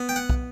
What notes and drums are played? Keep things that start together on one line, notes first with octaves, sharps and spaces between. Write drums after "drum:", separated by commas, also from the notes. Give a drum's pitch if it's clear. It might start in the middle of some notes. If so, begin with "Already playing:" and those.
Already playing: B3
G5
F#5
drum: kick